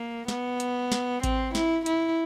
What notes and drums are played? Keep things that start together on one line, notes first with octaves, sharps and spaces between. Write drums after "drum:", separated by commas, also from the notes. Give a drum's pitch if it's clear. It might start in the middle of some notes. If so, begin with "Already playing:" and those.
Already playing: A#3
B3, drum: snare
drum: hi-hat
drum: snare
C4, drum: kick A1, hi-hat
E4, drum: snare
E4, drum: hi-hat